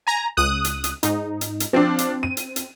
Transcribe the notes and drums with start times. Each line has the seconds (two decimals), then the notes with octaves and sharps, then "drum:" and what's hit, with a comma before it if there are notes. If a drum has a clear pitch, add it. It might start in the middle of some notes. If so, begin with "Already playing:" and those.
0.07 G#5 A#5
0.37 C#2 D#6 F#6
0.65 drum: hi-hat
0.84 drum: hi-hat
1.03 G#2 D#4, drum: hi-hat
1.41 drum: hi-hat
1.60 drum: hi-hat
1.73 F3 C4 D4
1.99 drum: hi-hat
2.23 D#7
2.37 drum: hi-hat
2.56 drum: hi-hat